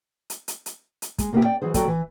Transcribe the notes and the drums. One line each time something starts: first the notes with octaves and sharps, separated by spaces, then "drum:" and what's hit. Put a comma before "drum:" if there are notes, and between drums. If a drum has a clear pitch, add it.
drum: hi-hat
drum: hi-hat
drum: hi-hat
drum: hi-hat
G#3, drum: kick, hi-hat
C3 A#3 B3 G4
D5 G5
E3 F#3 G#4 C5
F#3 F#4 A4 D5 G5, drum: kick, hi-hat
E3